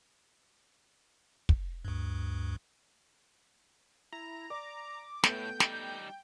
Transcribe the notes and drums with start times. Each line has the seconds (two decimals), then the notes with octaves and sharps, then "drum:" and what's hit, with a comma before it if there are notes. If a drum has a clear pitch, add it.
1.49 drum: kick
1.85 D2 G2
4.13 E4 A#5
4.50 D5 D6
5.24 A2 A3 B3 B4 G5 G6, drum: snare
5.60 G3 D#4, drum: snare